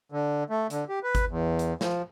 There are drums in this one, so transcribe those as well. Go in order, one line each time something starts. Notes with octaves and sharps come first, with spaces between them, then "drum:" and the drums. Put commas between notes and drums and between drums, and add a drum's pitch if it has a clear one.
D3
A3
D3, drum: hi-hat
G4
B4
drum: kick G#1, hi-hat
E2
drum: hi-hat
F3, drum: snare